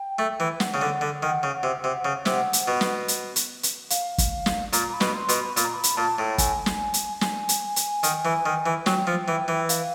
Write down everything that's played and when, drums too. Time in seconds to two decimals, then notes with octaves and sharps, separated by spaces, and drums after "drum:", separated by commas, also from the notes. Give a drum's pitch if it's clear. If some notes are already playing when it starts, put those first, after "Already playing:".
Already playing: G5
0.19 A3
0.40 E3
0.60 F#5, drum: snare
0.74 C#3
0.81 D3
1.01 D3
1.23 D#3
1.43 C#3
1.63 C3
1.84 C3
2.05 C#3
2.26 C3, drum: snare
2.53 drum: hi-hat
2.68 B2
2.81 drum: snare
3.08 drum: hi-hat
3.36 drum: hi-hat
3.63 drum: hi-hat
3.90 F5, drum: hi-hat
4.18 drum: kick, hi-hat
4.46 drum: snare
4.73 A#2 A#5, drum: hi-hat
4.83 A#5
4.93 B5
5.01 B2, drum: snare
5.07 B5
5.15 C6
5.29 B2, drum: hi-hat
5.35 B5
5.57 A#2 B5, drum: hi-hat
5.65 A#5
5.74 B5
5.84 drum: hi-hat
5.97 A#2 A5
6.19 A2
6.38 G#5, drum: kick, hi-hat
6.66 drum: snare
6.94 drum: hi-hat
7.21 G#5, drum: snare
7.49 drum: hi-hat
7.76 drum: hi-hat
8.03 D#3, drum: hi-hat
8.25 E3
8.46 D#3
8.66 E3
8.86 F#3 G5, drum: snare
9.07 F3
9.28 E3
9.48 E3
9.69 F5, drum: hi-hat